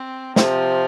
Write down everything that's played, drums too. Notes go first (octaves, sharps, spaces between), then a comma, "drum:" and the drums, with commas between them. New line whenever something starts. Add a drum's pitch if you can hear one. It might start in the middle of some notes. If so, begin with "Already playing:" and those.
Already playing: C4
C3 F3, drum: snare